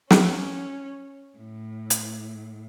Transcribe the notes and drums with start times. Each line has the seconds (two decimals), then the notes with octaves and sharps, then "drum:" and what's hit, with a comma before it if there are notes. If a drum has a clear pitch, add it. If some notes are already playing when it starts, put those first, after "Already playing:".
0.11 C#4, drum: snare
1.38 A2
1.90 drum: hi-hat